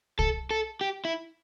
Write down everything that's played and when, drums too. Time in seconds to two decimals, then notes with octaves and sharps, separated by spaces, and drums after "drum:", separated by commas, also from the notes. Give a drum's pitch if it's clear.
0.19 A4, drum: kick C2
0.51 A4
0.81 G4
1.05 E4